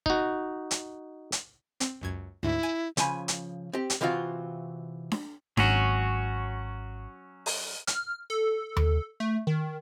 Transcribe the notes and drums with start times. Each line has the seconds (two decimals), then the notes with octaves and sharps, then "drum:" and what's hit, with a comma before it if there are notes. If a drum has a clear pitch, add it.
0.06 D#4 F#4, drum: kick
0.71 drum: hi-hat
1.32 drum: hi-hat
1.80 C4, drum: hi-hat
2.01 C#2 F#2 G#6
2.43 D2 G#2 E4
2.63 G#5
2.97 C#3 F3 G#5 B5, drum: hi-hat
3.28 drum: hi-hat
3.73 C4 G4
3.90 drum: hi-hat
4.01 C3 E3 C4 F4 F#4 F5
5.12 drum: snare D4
5.57 G#1 F#3 C#4 F#4, drum: snare D4
7.46 drum: open hi-hat
7.87 F6, drum: hi-hat
8.30 A4
8.76 drum: tom D#2
9.20 A3
9.47 D#3